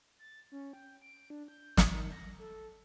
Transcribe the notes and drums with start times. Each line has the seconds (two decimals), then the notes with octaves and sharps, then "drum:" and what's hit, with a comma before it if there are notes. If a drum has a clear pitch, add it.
0.19 A6
0.52 C#4
0.73 G5
1.02 D7
1.30 D4
1.48 G6
1.77 drum: snare
1.92 D#3
2.12 A#6
2.39 A4